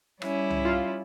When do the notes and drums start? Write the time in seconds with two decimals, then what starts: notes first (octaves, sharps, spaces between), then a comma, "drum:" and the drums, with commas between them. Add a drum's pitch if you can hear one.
0.22 G3 C#4 E4, drum: rim click
0.50 drum: tom C2
0.65 F4